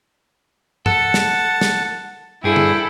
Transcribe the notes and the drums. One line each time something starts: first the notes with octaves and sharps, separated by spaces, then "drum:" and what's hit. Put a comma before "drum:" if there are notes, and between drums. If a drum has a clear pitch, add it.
A4 F#5 A5, drum: tom G2
drum: snare
drum: snare
G2 E4 G#4 A4 G5
drum: tom